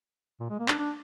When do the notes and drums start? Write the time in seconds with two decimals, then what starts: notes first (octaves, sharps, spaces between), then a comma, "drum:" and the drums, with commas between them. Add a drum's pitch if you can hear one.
0.40 A#2
0.50 G#3
0.59 A#3
0.68 D4, drum: clap
0.78 D4